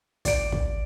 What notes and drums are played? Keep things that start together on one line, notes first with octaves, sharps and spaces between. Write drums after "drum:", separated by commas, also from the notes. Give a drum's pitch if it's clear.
D5 D7, drum: kick, hi-hat
drum: kick